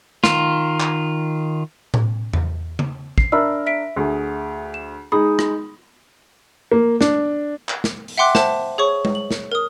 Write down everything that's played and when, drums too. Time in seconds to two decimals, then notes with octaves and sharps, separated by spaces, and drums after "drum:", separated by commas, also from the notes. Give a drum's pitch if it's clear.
0.24 D#3 F4, drum: snare
0.80 drum: clap
1.94 drum: tom A2
2.33 drum: tom E2
2.79 drum: tom C#3
3.18 C7, drum: kick
3.32 D4 A#4 E5 B5 E6
3.66 E5 B6 D7
3.96 D2 G#4
4.74 E7
5.12 G#3 D#4 G#4 B5 D#6
5.39 drum: rim click
6.72 A#3
7.01 D4, drum: snare
7.69 drum: clap
7.84 drum: snare
8.08 drum: open hi-hat
8.18 E5 F#5 G5 C6 D6 F#6
8.35 C5 E5 A5, drum: snare
8.78 G#4 C#5 C#6
9.05 drum: tom G#3
9.15 F#7
9.31 drum: snare
9.52 A#4 D#6